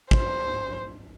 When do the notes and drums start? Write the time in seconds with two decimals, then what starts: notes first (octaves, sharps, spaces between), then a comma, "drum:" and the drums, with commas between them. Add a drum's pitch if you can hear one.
0.11 C5, drum: kick